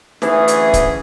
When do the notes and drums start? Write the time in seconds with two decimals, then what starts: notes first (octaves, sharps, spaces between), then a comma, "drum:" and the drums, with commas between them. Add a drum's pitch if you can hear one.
0.22 D2 E3 A3 C#4 G#4, drum: snare
0.48 drum: hi-hat
0.73 drum: kick, hi-hat